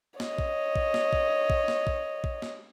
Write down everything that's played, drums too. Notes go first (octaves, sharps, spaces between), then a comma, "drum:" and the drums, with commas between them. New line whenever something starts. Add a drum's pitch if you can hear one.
C#5 D#5, drum: snare
drum: kick A#1
drum: kick A#1
drum: snare
drum: kick A#1
drum: kick A#1
drum: snare
drum: kick A#1
drum: kick A#1
drum: snare